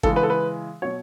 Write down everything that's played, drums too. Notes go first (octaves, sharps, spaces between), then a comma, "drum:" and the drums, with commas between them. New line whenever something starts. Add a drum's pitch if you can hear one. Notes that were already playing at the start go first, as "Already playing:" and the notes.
C#3 E3 G#3 A4, drum: kick G#1
B4
A4
B4
B2 F#3 C#5